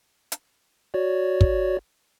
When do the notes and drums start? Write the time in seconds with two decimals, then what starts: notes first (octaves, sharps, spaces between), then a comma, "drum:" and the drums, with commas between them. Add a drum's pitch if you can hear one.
0.32 drum: hi-hat
0.94 F#4 C#5 D5
1.41 drum: kick